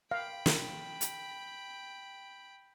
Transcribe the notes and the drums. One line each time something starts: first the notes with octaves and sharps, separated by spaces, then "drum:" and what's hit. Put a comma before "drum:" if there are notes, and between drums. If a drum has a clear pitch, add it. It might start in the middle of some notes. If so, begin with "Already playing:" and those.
F5 G5 B5
drum: snare
drum: hi-hat